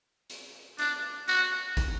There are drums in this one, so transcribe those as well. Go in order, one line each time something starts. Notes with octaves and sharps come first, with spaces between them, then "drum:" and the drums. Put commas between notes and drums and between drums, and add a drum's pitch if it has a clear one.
drum: hi-hat
D4, drum: hi-hat
F#4, drum: hi-hat
drum: kick, hi-hat